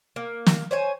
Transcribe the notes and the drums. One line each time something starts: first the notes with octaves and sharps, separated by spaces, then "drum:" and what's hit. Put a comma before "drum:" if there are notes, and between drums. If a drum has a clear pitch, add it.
A#3
drum: snare
C5 C#5 G#5